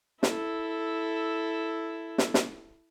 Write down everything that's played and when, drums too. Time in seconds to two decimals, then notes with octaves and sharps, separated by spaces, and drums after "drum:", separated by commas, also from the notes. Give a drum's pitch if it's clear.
0.23 E4 A4, drum: snare
2.18 drum: snare
2.34 drum: snare